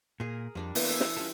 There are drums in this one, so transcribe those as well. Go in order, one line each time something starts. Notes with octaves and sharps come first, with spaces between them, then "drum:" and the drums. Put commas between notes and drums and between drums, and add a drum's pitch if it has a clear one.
A#2 G#4 A#4
F2 G3 D4 A#4
E3 A#3 B3, drum: open hi-hat
A4 E5 G#5
drum: snare
G3 C#4 F4 A4